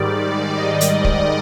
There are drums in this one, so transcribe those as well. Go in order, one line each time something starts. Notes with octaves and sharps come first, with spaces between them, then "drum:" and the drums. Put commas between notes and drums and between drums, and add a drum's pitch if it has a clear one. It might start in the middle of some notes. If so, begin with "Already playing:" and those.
Already playing: G#2 D#3 G3 D5
D#5
drum: hi-hat
drum: kick